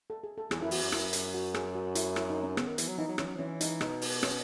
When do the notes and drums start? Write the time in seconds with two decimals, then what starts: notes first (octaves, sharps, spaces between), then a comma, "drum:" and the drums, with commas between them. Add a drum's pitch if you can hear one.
0.10 A4
0.24 G#4
0.38 A4
0.51 E2 G#4, drum: rim click
0.61 F#2 E4
0.71 E2 F#4, drum: open hi-hat
0.82 F#2
0.92 F#2 E4, drum: rim click
1.13 drum: hi-hat
1.34 F#4
1.54 G#4, drum: rim click
1.75 F#4
1.95 E4, drum: hi-hat
2.16 E4, drum: rim click
2.30 D#4
2.43 C#4
2.57 C#3 B3, drum: rim click
2.67 D#3
2.78 E3, drum: hi-hat
2.88 F#3
2.98 E3 D#4
3.08 F#3
3.18 E3 C#4, drum: rim click
3.27 F#3
3.36 E3 C#4
3.61 D#4, drum: hi-hat
3.81 B2 D#4, drum: rim click
4.01 drum: open hi-hat
4.23 C#4, drum: rim click